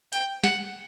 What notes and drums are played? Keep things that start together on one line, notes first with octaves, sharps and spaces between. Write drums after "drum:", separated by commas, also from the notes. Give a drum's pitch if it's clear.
G5, drum: hi-hat
F#5, drum: snare